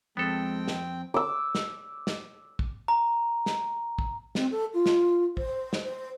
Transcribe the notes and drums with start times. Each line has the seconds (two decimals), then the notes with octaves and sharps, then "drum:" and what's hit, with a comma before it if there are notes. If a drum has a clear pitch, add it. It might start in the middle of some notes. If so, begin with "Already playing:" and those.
0.17 F2 G#3 B3 C4 A4 G5
0.68 drum: snare
1.14 D6 E6
1.55 drum: snare
2.07 drum: snare
2.59 drum: kick
2.88 A#5
3.46 drum: snare
3.99 drum: kick
4.35 C4, drum: snare
4.51 A4
4.73 F4
4.86 drum: snare
5.37 C5, drum: kick
5.73 drum: snare
5.84 C5